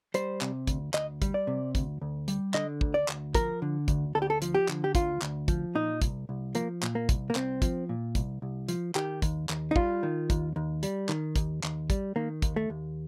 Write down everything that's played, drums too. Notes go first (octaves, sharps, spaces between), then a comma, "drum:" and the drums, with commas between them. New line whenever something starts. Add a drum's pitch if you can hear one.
G3 C5, drum: hi-hat
C3, drum: clap
D2, drum: kick, hi-hat
D2 D#5, drum: clap
G3, drum: kick, hi-hat
D5
C3
D2, drum: kick, hi-hat
D2
G3, drum: hi-hat
D3 D#5, drum: clap
D2, drum: kick
D5
D2, drum: clap
F3 A#4, drum: kick, hi-hat
D3
D2, drum: kick, hi-hat
D2 A4
G4
A4
F3, drum: hi-hat
G4
D3, drum: clap
G4
D2 F4, drum: kick, hi-hat
D2, drum: clap
F3, drum: kick, hi-hat
A#2 D#4
C2, drum: kick, hi-hat
C2
F3 A#3, drum: hi-hat
A#2, drum: clap
A#3
C2, drum: kick, hi-hat
A#3
C2 C4, drum: clap
F3, drum: kick, hi-hat
A#2
C2, drum: kick, hi-hat
C2
F3, drum: hi-hat
D#3 G4, drum: clap
D#2, drum: kick, hi-hat
D#2, drum: clap
D#4
G3 F4, drum: kick
D#3
D#2, drum: kick, hi-hat
D#2
G3, drum: hi-hat
D#3, drum: clap
D#2, drum: kick, hi-hat
D#2, drum: clap
G3, drum: kick, hi-hat
D#3 A#3
D#2, drum: kick, hi-hat
A3
D#2